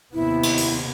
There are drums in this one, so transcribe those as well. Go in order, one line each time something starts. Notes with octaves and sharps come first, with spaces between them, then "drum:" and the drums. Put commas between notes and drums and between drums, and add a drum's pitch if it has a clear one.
D#2 C3 B3 E4
drum: cymbal
drum: open hi-hat